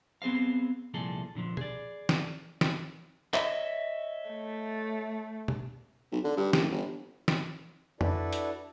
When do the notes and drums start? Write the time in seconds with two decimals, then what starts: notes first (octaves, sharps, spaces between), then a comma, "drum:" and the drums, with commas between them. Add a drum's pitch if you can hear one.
0.22 B3 C4 G#4 C5 F5
0.94 C2 A#2 F3 G#4 A4
1.35 A#2 D3 F3
1.57 G#4 D5, drum: tom B2
2.09 drum: snare
2.61 drum: snare
3.34 C#5 D#5 E5, drum: clap
4.30 A3
5.48 drum: tom B2
6.12 B1
6.24 D3
6.37 G2
6.53 F#1, drum: snare
6.72 G1
7.28 drum: snare
8.01 D4 E4 F#4 A4 B4 D5, drum: tom F2
8.33 drum: hi-hat